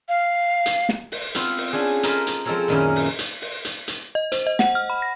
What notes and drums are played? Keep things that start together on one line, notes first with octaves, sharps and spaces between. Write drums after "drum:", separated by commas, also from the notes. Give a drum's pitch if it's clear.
F5
drum: hi-hat
drum: snare
drum: open hi-hat
B3 C4 F4, drum: hi-hat
drum: open hi-hat
C#4 D4 G#4
A4 A#4 C5 D#5 G#5 B5, drum: hi-hat
drum: hi-hat
F3 G#3 C4 A4 A#4 C#5
F#2 A#2 D#3 C#4 D#4 E4
drum: open hi-hat
drum: hi-hat
drum: open hi-hat
drum: hi-hat
drum: hi-hat
D#5
C5, drum: hi-hat
D#5
F#5, drum: snare
F6
B5
A#6